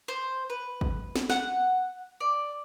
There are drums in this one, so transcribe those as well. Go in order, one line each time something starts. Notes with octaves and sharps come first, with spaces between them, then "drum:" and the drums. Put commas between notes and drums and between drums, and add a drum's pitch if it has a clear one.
C5
B4
drum: kick
drum: snare
F#5, drum: snare
D5